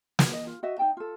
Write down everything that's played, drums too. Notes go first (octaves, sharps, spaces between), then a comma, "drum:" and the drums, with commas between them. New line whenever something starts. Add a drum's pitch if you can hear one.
F#4 B4, drum: snare
D#5
F4
F#4 D#5 E5
D#4 A4 G5 A5
F4 A4